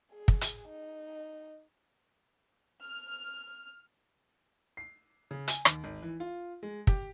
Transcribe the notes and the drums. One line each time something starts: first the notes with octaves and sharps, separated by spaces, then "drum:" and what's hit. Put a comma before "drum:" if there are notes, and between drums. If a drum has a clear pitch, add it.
G#4
drum: kick
drum: hi-hat
D#4
F6
C7
C#3
G#5, drum: hi-hat
D#2, drum: rim click
G#1
E3
F4
G#3
G4, drum: kick